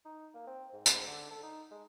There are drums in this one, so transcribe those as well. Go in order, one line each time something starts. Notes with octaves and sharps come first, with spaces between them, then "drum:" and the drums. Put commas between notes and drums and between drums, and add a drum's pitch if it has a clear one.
D#4
A#3
C4
G#2
G#2, drum: tambourine
D3
A4
D#4
G#3